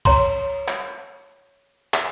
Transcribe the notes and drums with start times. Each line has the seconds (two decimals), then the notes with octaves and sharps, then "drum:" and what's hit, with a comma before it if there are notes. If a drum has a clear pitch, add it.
0.05 C#5 A#5 C6, drum: kick, cymbal
0.68 drum: clap
1.94 drum: clap